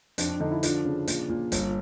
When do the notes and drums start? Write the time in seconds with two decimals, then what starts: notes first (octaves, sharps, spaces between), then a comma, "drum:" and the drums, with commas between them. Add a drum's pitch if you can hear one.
0.18 F2 D4, drum: hi-hat
0.29 D4
0.40 D3 D#4
0.51 E4
0.63 F3 D4, drum: hi-hat
0.85 C#3
1.08 A#2, drum: hi-hat
1.29 A#2
1.52 G1, drum: hi-hat